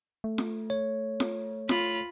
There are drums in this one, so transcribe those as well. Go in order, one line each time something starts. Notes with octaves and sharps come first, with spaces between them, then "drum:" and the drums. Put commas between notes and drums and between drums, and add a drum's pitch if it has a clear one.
A3
drum: snare F4
C#5
drum: snare F4
F4 B5, drum: snare F4